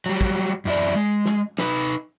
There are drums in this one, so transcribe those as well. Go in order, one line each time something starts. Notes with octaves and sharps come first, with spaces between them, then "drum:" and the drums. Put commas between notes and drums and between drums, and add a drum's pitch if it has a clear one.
F#3 G3
drum: kick
F#2 E4 D5
G#3
drum: snare
D#4 B4, drum: snare